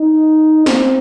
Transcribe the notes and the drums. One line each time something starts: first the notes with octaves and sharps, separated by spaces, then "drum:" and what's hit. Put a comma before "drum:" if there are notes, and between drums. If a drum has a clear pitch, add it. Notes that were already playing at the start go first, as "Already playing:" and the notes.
Already playing: D#4
C4, drum: snare